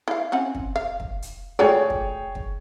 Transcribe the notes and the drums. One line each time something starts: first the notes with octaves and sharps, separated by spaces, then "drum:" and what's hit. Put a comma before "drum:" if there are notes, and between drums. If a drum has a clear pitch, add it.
E4 F5
C4 C#4 F#5
drum: kick
F5
drum: kick
drum: hi-hat
A3 F#4 G#4 C#5 D5 G5
drum: kick
drum: kick